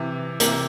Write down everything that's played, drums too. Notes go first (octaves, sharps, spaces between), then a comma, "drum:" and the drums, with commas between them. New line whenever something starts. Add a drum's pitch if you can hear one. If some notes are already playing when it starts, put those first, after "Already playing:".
Already playing: C3 E3
C3 E3 A#3, drum: hi-hat